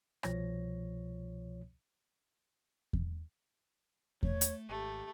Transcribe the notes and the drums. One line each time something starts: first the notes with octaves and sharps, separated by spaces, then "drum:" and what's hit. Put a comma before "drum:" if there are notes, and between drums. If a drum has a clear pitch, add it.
C2 B2 F3 C#5 A#6, drum: rim click
drum: kick E2
A3 C#5, drum: kick E2
drum: hi-hat
G#1 A3 G4